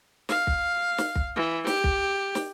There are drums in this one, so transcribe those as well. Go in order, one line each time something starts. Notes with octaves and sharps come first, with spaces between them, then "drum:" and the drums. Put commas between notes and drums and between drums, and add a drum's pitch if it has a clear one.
F5, drum: snare
drum: kick
drum: snare
drum: kick
E3
G4, drum: snare
drum: kick
drum: snare